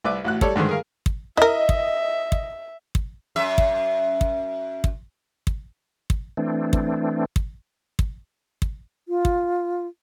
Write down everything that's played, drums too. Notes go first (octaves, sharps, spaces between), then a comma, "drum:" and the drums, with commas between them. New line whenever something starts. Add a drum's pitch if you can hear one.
C2 B4 D5 E5 D6
A1 F#4 F#6
G3 A4 C#5 D5, drum: kick
G2 D3 D#3 G#3 C5
G#4 A#4 F5
drum: kick
E4 A#4 D#5 E5
drum: kick
drum: kick
drum: kick
F#2 E5
drum: kick
drum: kick
drum: kick
drum: kick
drum: kick
E3 A3 C4 D4
drum: kick
drum: kick
drum: kick
drum: kick
F4
drum: kick